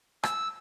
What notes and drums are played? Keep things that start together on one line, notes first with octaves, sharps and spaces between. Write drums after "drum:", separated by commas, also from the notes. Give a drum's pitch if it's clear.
E6, drum: rim click